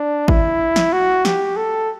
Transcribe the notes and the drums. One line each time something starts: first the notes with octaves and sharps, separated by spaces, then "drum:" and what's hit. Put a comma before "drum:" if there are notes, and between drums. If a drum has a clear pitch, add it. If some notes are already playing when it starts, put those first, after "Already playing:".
Already playing: D4
E4, drum: kick G#1
drum: snare
F#4
G4, drum: snare
A4